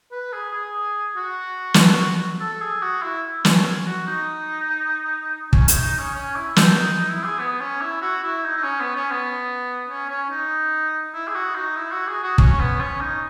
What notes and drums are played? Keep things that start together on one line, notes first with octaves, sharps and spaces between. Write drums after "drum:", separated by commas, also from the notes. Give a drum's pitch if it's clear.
B4
G#4
G#4
F#4
drum: snare
A4
G#4
F#4
E4
C#4, drum: snare
F#4
D#4
C#4, drum: kick
D#4, drum: hi-hat
D#4
C#4
C#4
E4
D#4, drum: snare
D#4
D#4
E4
G#4
B3
C#4
E4
F#4
E4
D#4
D#4
C#4
B3
C#4
B3
C#4
C#4
D#4
E4
G#4
F#4
D#4
E4
F#4
G#4
F#4
C#4, drum: kick
B3
C#4
D#4